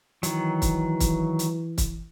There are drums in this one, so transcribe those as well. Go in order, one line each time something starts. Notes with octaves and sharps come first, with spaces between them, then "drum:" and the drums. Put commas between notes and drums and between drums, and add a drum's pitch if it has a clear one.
D#3 E3 F#3, drum: hi-hat
drum: kick, hi-hat
drum: kick, hi-hat
drum: hi-hat
drum: kick, hi-hat